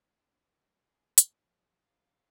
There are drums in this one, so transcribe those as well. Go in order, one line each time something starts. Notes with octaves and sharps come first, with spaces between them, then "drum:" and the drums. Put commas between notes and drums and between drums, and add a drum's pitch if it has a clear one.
D4
F#3
G#4
A2, drum: hi-hat
F3
F5